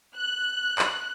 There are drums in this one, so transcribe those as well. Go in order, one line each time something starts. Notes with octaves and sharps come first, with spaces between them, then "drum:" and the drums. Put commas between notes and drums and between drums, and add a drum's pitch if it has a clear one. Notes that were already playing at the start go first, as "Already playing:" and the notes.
F#6
drum: clap